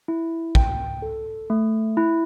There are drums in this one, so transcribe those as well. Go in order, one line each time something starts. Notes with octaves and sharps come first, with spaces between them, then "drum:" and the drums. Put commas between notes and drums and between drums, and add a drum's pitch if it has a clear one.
E4
G5, drum: kick
A4
A3
E4